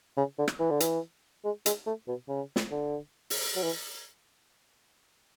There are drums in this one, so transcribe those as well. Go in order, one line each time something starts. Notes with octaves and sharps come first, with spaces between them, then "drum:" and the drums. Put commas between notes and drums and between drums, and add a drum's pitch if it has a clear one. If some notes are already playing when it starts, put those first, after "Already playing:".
C#3
D3
drum: rim click
E3
D3
E3, drum: hi-hat
G#3
G#3, drum: hi-hat
A3
B2
C#3
drum: snare
D3
drum: open hi-hat
F#3
E3